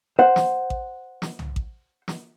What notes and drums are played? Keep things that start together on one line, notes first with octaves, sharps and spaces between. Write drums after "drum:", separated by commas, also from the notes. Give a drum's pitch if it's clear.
C5 F#5
drum: snare
drum: kick A1
drum: snare
drum: tom C2
drum: kick A1
drum: snare